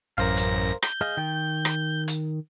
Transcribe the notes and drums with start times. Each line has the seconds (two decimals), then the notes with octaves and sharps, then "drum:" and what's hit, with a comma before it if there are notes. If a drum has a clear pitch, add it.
0.18 A1 F#2 A#4 C5 F5 A#6
0.37 drum: hi-hat
0.82 G6, drum: rim click
1.01 G#4 D#5 F5
1.17 D#3 G5
1.65 drum: rim click
2.08 drum: hi-hat